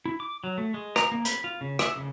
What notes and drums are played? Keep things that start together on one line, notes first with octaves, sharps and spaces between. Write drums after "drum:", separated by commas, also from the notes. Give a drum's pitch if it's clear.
E4
D6
F#3
A3
G#3
A#5, drum: rim click
A#3
B5, drum: hi-hat
F4
C#3
E5, drum: rim click
C#3